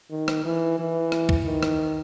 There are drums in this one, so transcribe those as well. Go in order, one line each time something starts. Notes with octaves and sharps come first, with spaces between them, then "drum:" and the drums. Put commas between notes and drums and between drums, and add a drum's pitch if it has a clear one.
D#3
drum: rim click
E3
E3
drum: rim click
drum: kick
D#3
drum: rim click